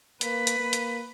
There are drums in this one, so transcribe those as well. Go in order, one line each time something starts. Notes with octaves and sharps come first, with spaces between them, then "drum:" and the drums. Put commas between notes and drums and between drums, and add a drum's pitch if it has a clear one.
A#3 B4, drum: hi-hat
drum: hi-hat
A#3
drum: hi-hat